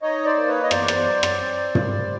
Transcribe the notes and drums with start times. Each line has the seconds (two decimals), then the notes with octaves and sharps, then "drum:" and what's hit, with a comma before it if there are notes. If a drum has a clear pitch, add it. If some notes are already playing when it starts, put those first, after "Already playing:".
0.02 D#4 C#5 D#5
0.25 C5 D5
0.36 A#3
0.48 B4 C#5
0.63 D#5
0.71 E2 C5 D5, drum: rim click
0.88 drum: rim click
1.05 F#3
1.23 drum: rim click
1.40 C4
1.75 G3, drum: tom